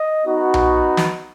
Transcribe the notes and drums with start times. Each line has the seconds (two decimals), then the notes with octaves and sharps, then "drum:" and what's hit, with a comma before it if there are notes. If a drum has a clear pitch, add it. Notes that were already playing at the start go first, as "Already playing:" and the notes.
Already playing: D#5
0.25 B3 D#4 F#4
0.54 drum: tom B1
0.97 drum: snare